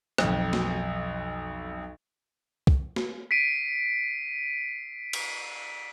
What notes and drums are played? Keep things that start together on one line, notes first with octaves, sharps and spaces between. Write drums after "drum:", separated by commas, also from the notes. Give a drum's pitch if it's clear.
B1 F2, drum: rim click
drum: snare
drum: kick
drum: snare
B6 C7 D7 D#7
drum: cymbal